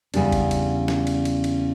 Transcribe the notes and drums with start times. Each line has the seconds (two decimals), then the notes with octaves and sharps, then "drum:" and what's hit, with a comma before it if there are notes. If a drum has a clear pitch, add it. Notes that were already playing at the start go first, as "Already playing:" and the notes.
0.14 E2 C#3 G3 D4, drum: cymbal
0.32 drum: kick G#1, cymbal
0.51 drum: cymbal
0.88 drum: snare
1.07 drum: cymbal
1.25 drum: cymbal
1.44 drum: cymbal